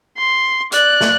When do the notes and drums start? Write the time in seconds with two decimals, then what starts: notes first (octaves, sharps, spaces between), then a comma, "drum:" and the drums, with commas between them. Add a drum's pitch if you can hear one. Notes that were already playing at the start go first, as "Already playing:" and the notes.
0.17 C6
0.72 D5 F#6, drum: hi-hat
1.01 drum: snare